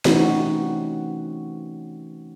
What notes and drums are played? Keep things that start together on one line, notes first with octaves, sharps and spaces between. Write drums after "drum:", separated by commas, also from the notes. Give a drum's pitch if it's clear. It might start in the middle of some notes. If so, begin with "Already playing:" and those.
E3 A3 C4 C#4 D#4 F#4, drum: snare